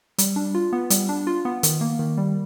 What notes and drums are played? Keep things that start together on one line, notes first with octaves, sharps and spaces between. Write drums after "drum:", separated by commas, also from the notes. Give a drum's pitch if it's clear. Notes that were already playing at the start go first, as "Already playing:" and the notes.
G3, drum: hi-hat
D4
F4
B3
G3, drum: hi-hat
D4
F4
B3
D#3, drum: hi-hat
A#3
D#3
G3